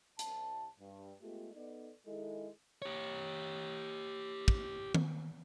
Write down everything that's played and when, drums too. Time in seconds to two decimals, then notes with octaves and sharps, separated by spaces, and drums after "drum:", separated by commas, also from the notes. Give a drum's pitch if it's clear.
0.19 C2 A5, drum: hi-hat
0.80 G2
1.22 G#3 A3 B3 F4 G4 A4
1.54 B3 D#4 A4 D5
2.07 D#3 G#3 E4 G#4 A4
2.82 G4 C#5
4.48 drum: kick
4.95 drum: tom D#3